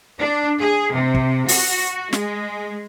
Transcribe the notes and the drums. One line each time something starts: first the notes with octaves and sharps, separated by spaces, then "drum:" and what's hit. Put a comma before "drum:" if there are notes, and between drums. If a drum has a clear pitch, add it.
D4
G#4
C3
drum: kick
F#4, drum: open hi-hat
G#3, drum: snare